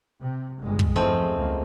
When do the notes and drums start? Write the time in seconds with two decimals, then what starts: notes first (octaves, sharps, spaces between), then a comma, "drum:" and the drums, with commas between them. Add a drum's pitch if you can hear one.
0.21 C3
0.60 G1 G#3
0.79 drum: kick
0.96 E2 F3 G#3 A3 C4
1.32 C#2 A#3